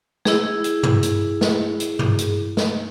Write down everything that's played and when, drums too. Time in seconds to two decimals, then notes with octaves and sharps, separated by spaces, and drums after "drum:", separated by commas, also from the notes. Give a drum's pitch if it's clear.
0.25 E4 G#4, drum: snare
0.64 drum: hi-hat
0.83 drum: tom G2
1.03 drum: hi-hat
1.41 drum: snare
1.80 drum: hi-hat
1.99 drum: tom G2
2.18 drum: hi-hat
2.57 drum: snare